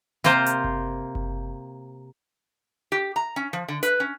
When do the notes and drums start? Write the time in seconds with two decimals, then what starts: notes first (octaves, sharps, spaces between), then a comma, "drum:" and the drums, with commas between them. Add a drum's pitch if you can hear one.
0.24 C3 A#3 F4 C5, drum: snare
0.46 drum: hi-hat
0.64 drum: kick F#1
1.15 drum: kick F#1
2.92 G4
3.16 A#5
3.36 C#4
3.53 F3
3.68 D3
3.83 B4, drum: hi-hat
4.00 C#4